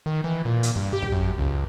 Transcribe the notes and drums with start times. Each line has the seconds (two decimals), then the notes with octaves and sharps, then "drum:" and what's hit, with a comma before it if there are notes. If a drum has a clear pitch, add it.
0.06 D#3
0.24 E3
0.45 A#2
0.63 drum: hi-hat
0.76 G2
0.93 G4
1.02 drum: kick
1.12 F#2
1.38 C#2